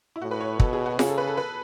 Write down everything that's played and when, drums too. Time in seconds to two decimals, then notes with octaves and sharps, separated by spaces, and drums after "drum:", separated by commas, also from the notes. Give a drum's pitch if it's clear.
0.16 E4
0.22 A2 F#4
0.31 B4
0.40 C#5
0.60 B2 A4, drum: kick
0.73 G#4
0.86 F#4
0.99 C#3 G#4, drum: snare F4
1.08 A4
1.18 B4
1.27 A4
1.37 B4